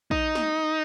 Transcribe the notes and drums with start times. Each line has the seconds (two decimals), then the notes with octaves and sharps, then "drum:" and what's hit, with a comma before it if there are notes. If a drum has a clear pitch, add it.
0.11 D#4, drum: kick A#1
0.35 drum: snare